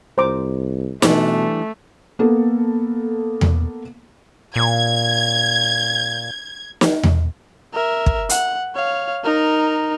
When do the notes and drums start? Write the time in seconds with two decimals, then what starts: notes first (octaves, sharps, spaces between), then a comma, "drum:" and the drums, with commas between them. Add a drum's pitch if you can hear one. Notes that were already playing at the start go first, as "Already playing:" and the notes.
0.18 C2 C5 A#5 D6
1.02 B2 E3 G3 A3 D4, drum: snare
2.19 A#3 B3 A4
3.41 drum: tom E2
4.56 A#2 G#6
6.81 drum: snare
7.03 drum: tom E2
7.73 A#4 E5
8.06 drum: kick
8.29 F#5, drum: hi-hat
8.75 C#5 F5
9.24 D#4 A#4